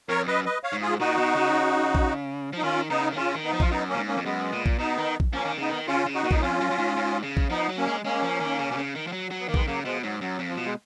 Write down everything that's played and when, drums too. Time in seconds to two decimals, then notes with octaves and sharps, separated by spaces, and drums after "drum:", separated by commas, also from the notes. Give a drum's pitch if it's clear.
0.09 F2 A#4 C#5
0.28 F#2 B4 D#5
0.45 B4 D#5
0.63 C#5 F5
0.73 G#2
0.82 F4 G#4
1.00 A#2 D#4 F#4
1.17 B2
1.36 C#3
1.95 drum: kick A#1
2.53 F3
2.58 D#4
2.62 D#3 C#4 F4
2.89 C#3 B3 D#4
3.12 D#3
3.16 C#3 C#4 F4
3.34 D#3
3.44 B3 D#4
3.53 F3
3.60 F4, drum: kick A#1
3.71 F#2 B3 D#4
3.89 A#3 C#4
3.94 A#2
3.98 G#2
4.07 A#3 C#4
4.17 F2
4.25 F#2 G#3 B3
4.53 A#2
4.66 drum: kick A#1
4.79 B2 B3 D#4
4.98 D#3
5.20 drum: kick A#1
5.33 F3 A#3 C#4
5.45 D#3
5.57 C#3 B3 D#4
5.69 D#3
5.88 C#3 C#4 F4
6.06 C#3
6.14 D#4 F#4
6.24 A#2
6.31 F#2 D#4, drum: kick A#1
6.41 F2 C#4 F4
6.61 F#2
6.71 F#2
6.78 G#2
6.96 G#2
7.23 C#3
7.37 drum: kick A#1
7.50 F3 B3 D#4
7.69 F#3
7.77 A#3 C#4
7.86 G#3
8.05 G#3 A#3 C#4
8.22 F3
8.41 D#3
8.59 C#3
8.71 B2
8.77 C#3
8.95 D#3
9.07 F3
9.12 F#3
9.31 F#3
9.40 B3
9.47 D#3 A#3
9.54 G#3 B3, drum: kick A#1
9.67 C#3 F#3 A#3
9.85 B2 F3 G#3
10.03 G#2 F#3
10.21 F#2 F#3
10.39 F2
10.48 F3
10.57 B2
10.66 G#3